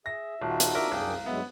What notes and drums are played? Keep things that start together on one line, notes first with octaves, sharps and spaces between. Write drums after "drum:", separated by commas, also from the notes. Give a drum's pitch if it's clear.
G#4 E5 A#6
D#1 D#4 F4 F#4 A5
drum: hi-hat
D4 A#4 E5
C2 F#2 G#4 F5 G5
G2 F#3 G#3 B3 E5